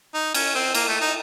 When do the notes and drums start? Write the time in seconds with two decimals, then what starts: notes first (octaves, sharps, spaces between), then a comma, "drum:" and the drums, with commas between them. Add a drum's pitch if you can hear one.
0.14 D#4
0.34 C#4, drum: cymbal
0.55 C4
0.74 A#3, drum: cymbal
0.88 A3
1.01 D#4